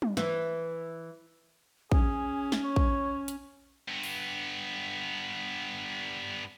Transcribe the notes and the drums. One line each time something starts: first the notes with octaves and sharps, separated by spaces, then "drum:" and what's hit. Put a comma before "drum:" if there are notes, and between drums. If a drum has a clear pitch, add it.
drum: tom
E3, drum: snare
C#4 G#4, drum: kick A#1
drum: snare
C#5
drum: kick A#1
drum: hi-hat
G2 B3
drum: open hi-hat